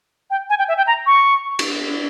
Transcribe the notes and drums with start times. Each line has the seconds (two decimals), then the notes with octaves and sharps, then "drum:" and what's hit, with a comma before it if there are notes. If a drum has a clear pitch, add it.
0.30 G5
0.50 G#5
0.58 G5
0.68 E5
0.77 G5
0.87 A#5
1.06 C#6
1.59 drum: cymbal